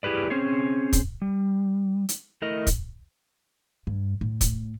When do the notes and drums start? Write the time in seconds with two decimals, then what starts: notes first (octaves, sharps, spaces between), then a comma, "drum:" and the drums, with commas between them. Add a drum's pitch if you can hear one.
0.03 E4 G4 G#4 B4 D5
0.30 C4 C#4 G#4 C5 C#5
0.93 drum: kick, hi-hat
1.22 G3
2.09 drum: hi-hat
2.42 A3 E4 A#4 D#5
2.67 drum: kick, hi-hat
3.87 G2
4.21 A2
4.41 drum: kick, hi-hat